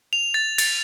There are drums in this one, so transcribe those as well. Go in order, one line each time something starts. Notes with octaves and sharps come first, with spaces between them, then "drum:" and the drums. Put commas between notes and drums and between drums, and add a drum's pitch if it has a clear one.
F7
A6
A6, drum: cymbal